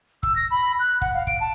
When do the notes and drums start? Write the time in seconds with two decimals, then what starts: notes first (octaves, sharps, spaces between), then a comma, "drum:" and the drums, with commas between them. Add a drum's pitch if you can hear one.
0.23 E6, drum: kick
0.36 A#6
0.51 B5
0.79 F#6
1.02 F#5, drum: kick
1.14 F5
1.27 D7, drum: kick
1.40 A5